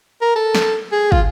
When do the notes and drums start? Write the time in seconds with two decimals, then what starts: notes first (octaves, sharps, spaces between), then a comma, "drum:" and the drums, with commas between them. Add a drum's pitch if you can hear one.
0.22 A#4
0.36 A4
0.55 drum: snare
0.92 G#4
1.12 F4, drum: kick